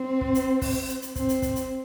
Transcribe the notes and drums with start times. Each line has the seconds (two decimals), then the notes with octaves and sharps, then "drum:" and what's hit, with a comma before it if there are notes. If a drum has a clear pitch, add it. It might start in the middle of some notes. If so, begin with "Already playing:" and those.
Already playing: C4
0.21 drum: kick
0.35 drum: hi-hat
0.62 drum: kick, open hi-hat
0.88 drum: hi-hat
1.02 drum: hi-hat
1.15 C4, drum: kick, hi-hat
1.29 drum: hi-hat
1.42 drum: kick, hi-hat
1.56 drum: hi-hat